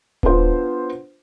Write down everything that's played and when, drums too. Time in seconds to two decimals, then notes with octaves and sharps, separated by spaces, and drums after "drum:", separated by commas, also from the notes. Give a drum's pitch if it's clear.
0.23 B3 D4 F4 C5, drum: kick D#1